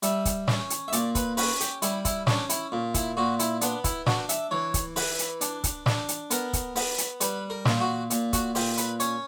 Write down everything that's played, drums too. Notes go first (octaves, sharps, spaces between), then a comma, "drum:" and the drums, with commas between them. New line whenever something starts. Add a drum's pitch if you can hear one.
G3 E5, drum: hi-hat
drum: kick, hi-hat
C#4, drum: snare
drum: hi-hat
E5
A#2 D5, drum: hi-hat
B4, drum: kick, hi-hat
C#4 B4, drum: open hi-hat
G4, drum: hi-hat
G3 E4, drum: hi-hat
E4, drum: kick, hi-hat
C#4 D4, drum: snare
E4, drum: hi-hat
A#2
E4, drum: kick, hi-hat
A#2 F#4
E4, drum: hi-hat
B3 D4, drum: hi-hat
E4, drum: kick, hi-hat
D4 F#4, drum: snare
E5, drum: hi-hat
E3 C#5
drum: kick, hi-hat
E3 B4, drum: open hi-hat
drum: hi-hat
D4, drum: hi-hat
drum: kick, hi-hat
D4, drum: snare
drum: hi-hat
B3 A#4, drum: hi-hat
drum: kick, hi-hat
B3, drum: open hi-hat
drum: hi-hat
G3 B4, drum: hi-hat
A#4
A#2, drum: snare
F#4
A#2, drum: hi-hat
F#4, drum: kick, hi-hat
A#2 G4, drum: open hi-hat
B4, drum: hi-hat
C#4 C#5, drum: hi-hat